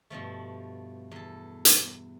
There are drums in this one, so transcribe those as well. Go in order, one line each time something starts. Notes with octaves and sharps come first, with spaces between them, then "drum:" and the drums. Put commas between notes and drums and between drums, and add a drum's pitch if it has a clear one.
G2 B2 F3 A3
E2 A4
drum: hi-hat